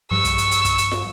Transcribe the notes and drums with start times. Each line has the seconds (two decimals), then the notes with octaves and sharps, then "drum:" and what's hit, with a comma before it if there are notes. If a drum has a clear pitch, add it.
0.11 G2 F3 G3 C#6 E6
0.25 drum: kick, hi-hat
0.38 drum: hi-hat
0.51 drum: hi-hat
0.65 drum: kick, hi-hat
0.78 drum: hi-hat
0.91 drum: snare